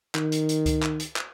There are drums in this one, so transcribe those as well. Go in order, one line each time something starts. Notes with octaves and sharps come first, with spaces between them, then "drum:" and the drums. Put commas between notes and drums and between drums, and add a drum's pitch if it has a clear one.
D#3, drum: clap
drum: hi-hat
drum: hi-hat
drum: kick C#2, hi-hat
drum: clap
drum: hi-hat
drum: clap